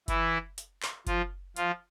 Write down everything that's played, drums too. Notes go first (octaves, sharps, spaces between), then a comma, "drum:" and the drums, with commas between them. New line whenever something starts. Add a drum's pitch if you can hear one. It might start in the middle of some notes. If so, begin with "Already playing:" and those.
E3 E4, drum: kick F#1, hi-hat
drum: hi-hat
drum: clap
F3 F4, drum: kick F#1, hi-hat
F3 F4, drum: hi-hat